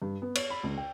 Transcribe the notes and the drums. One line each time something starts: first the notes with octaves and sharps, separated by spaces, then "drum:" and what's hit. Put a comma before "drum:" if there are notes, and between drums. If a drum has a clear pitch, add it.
G2
B3
C#5, drum: cymbal
B5
C#2
G5